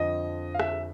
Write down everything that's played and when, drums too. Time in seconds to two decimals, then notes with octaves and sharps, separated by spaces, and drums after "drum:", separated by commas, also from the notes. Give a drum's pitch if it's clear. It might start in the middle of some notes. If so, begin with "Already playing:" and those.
Already playing: F2 D3 F3 D#5
0.54 F5
0.59 E5, drum: rim click